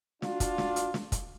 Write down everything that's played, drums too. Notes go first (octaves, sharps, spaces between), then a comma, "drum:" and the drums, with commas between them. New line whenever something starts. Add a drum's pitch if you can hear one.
D4 F4 F#4, drum: snare
drum: kick, hi-hat
drum: snare
drum: hi-hat
drum: snare
drum: kick, hi-hat